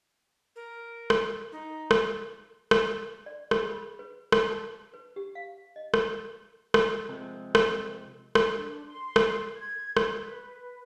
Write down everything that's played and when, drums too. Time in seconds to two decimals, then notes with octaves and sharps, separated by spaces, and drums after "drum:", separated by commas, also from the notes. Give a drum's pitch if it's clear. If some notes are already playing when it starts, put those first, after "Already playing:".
0.56 A#4
1.10 drum: rim click
1.52 D#4
1.91 drum: rim click
2.71 drum: rim click
3.26 D5
3.51 G#4, drum: rim click
3.70 B5
3.99 B4
4.32 drum: rim click
4.51 A5
4.94 B4
5.16 G4
5.35 F5
5.76 D#5
5.94 drum: rim click
6.74 drum: rim click
7.09 C3 F3 G#3 C4
7.55 drum: rim click
8.35 drum: rim click
8.54 D4
8.85 C6
9.16 drum: rim click
9.56 G#6
9.97 drum: rim click
10.14 B4